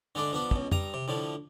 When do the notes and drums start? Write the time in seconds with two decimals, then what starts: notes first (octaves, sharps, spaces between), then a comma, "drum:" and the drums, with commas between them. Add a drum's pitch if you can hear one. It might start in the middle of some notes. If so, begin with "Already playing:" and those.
0.15 D3 G#3 A3 D4
0.33 F3 B3 D4
0.51 C#2 B2, drum: kick
0.72 G2 A#5 D#6, drum: tom
0.94 C3
1.08 A2 D3 F3